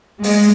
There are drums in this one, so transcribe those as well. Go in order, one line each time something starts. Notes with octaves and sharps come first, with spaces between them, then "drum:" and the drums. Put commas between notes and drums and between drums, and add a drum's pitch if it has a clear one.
G#3, drum: open hi-hat